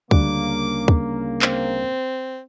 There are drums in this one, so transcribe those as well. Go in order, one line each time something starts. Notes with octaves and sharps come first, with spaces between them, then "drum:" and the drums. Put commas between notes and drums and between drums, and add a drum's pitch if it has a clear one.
D2 C#3 G3 A#3 D4 D6, drum: kick
drum: kick
C4, drum: clap